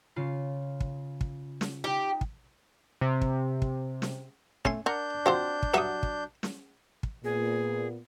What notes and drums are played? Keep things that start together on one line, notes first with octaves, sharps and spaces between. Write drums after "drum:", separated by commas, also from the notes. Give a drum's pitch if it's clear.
C#3 F4 C7
drum: kick
drum: kick
drum: snare
D#4 G4
drum: kick
C3
drum: kick
drum: kick
drum: snare
A3 C#4 G#5 C6, drum: kick
D4 A#4 F#5 G6
F3 C4 F#4 C5
drum: kick
G2 F#3 E5 F#5 D#6
drum: kick
drum: snare
drum: kick
A#2 B3 G#4